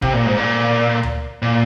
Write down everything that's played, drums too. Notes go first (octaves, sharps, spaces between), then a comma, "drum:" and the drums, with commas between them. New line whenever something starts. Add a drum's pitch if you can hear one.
C3, drum: kick
A#2
G#2
A#2
drum: tom D2
A#2